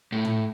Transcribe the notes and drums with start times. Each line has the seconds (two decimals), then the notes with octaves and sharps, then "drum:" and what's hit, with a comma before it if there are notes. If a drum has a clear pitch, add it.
0.12 A2
0.25 drum: tom